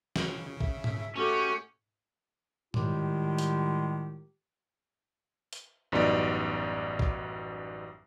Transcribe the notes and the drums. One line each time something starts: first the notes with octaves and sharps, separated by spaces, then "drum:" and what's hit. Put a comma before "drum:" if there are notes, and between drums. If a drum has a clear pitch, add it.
C#3, drum: snare
E5, drum: kick A1
drum: tom G#2
A3 C#4 F#4 G4 D6
A2 D#3 G3 G#3 F4 G4, drum: tom G#2
drum: hi-hat
drum: hi-hat
A1 F#2 G3 B3 D#4 D5
drum: kick A1